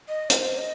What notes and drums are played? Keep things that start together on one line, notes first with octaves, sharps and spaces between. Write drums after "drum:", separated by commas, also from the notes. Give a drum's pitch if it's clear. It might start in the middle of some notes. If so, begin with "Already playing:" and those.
D#5
C5, drum: hi-hat
D#5